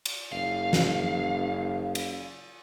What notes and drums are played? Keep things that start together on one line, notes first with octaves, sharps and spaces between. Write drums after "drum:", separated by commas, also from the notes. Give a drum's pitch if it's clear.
drum: cymbal
F#1 F5
drum: snare
drum: cymbal